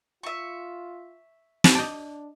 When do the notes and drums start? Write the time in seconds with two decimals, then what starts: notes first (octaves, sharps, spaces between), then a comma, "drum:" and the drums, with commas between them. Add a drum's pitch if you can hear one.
0.23 F4 E5 C#6
1.64 drum: snare
1.75 D4 D5 D#5 A5 G6